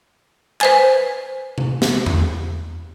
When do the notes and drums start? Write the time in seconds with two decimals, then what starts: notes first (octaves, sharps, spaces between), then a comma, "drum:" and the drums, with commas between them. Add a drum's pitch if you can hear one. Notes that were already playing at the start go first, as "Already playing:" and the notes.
0.61 B4 C5 G#5, drum: clap
1.58 drum: tom C3
1.82 drum: snare
2.06 drum: tom E2